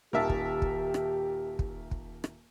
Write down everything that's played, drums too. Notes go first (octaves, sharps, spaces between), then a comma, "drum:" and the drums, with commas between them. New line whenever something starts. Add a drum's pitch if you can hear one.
D#1 D#3 G4 A#4 E5 A5
drum: kick
drum: kick
drum: rim click
drum: kick
drum: kick
drum: rim click